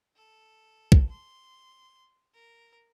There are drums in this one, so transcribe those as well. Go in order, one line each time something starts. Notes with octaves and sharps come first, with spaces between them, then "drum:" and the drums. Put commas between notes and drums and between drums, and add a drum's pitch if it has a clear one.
A4
drum: kick
C6
A#4